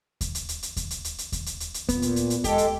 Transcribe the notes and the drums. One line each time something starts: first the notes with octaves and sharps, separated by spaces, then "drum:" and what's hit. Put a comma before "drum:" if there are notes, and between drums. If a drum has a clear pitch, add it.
drum: kick D#2, hi-hat
drum: hi-hat
drum: hi-hat
drum: hi-hat
drum: kick D#2, hi-hat
drum: hi-hat
drum: hi-hat
drum: hi-hat
drum: kick D#2, hi-hat
drum: hi-hat
drum: hi-hat
drum: hi-hat
A#2 B3, drum: kick D#2, hi-hat
drum: hi-hat
drum: hi-hat
drum: hi-hat
G#3 G4 A4, drum: kick D#2, hi-hat
drum: hi-hat